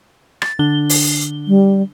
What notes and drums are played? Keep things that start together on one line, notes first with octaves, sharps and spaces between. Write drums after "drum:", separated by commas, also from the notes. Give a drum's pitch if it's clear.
A6, drum: rim click
D3 D4 G7
drum: open hi-hat
G3